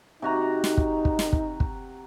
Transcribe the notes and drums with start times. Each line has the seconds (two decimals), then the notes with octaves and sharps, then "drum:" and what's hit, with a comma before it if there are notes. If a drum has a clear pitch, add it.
0.22 C3 D#4 F#4 A#5
0.64 drum: snare
0.77 drum: kick
1.05 drum: kick
1.19 drum: snare
1.33 drum: kick
1.60 drum: kick